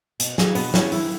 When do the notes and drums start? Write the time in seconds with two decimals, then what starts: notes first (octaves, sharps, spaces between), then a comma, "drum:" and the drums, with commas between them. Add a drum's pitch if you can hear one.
0.20 B2, drum: hi-hat
0.38 F#3 E4 G#4, drum: snare
0.55 B2 B3, drum: open hi-hat
0.74 F#3 C#4 E4 G#4, drum: snare
0.92 E3 E4, drum: open hi-hat